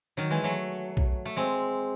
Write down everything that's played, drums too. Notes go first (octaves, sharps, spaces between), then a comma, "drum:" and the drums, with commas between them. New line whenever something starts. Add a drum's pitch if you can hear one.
D#3 F#3
E3 G#3
F#3 A3
drum: kick B1
A3
G#3 C4